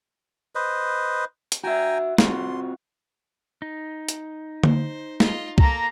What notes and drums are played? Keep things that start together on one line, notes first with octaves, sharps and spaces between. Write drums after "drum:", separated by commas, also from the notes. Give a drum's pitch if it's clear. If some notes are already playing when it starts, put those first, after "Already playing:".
B4 C5 D#5
drum: hi-hat
F#4 E5 G5 G#5 A#5
C4 F4 F#4 C6, drum: snare
D#4
drum: hi-hat
C5, drum: tom D3
F4 D#5, drum: snare
A#3 A4 A#5, drum: kick C2